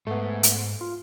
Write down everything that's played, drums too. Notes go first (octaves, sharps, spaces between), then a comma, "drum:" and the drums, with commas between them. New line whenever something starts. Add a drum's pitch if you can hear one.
G#2 A3 B3
drum: hi-hat
F4